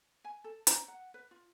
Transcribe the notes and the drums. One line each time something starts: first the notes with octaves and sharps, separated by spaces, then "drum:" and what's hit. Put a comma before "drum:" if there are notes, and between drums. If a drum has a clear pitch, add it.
G#5
A4
A#5, drum: hi-hat
F#5
B4
F4